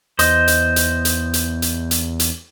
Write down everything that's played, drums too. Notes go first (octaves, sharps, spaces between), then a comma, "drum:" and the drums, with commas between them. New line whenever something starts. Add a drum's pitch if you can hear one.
E2 C5 D#5, drum: hi-hat
drum: hi-hat
drum: hi-hat
drum: hi-hat
drum: hi-hat
drum: hi-hat
drum: hi-hat
drum: hi-hat